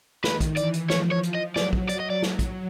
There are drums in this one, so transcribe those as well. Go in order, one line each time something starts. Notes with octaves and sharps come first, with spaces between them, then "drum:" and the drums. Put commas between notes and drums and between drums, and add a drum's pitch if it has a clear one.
D#3 B4, drum: snare
drum: kick, hi-hat
E3 D5, drum: hi-hat
drum: hi-hat
F3 C#5, drum: snare
C#5
drum: hi-hat
D#5
F#3 D5, drum: snare
drum: kick
D5, drum: hi-hat
D#5
D5
drum: snare
drum: kick, hi-hat